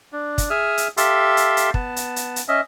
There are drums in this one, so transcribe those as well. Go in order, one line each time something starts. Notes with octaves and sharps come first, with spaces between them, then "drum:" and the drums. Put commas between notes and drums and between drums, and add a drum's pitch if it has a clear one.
D4
drum: kick, hi-hat
G#4 E5 D#6 F6
drum: hi-hat
G4 A4 E5 F5 C6, drum: hi-hat
drum: hi-hat
drum: hi-hat
B3 A5, drum: kick
drum: hi-hat
drum: hi-hat
drum: hi-hat
C#4 D#5 E5